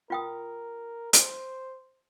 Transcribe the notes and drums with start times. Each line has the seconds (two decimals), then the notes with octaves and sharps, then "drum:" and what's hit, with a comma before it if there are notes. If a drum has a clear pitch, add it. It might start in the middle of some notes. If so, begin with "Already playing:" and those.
0.10 F4 A#4 G5 D#6
1.13 C5, drum: hi-hat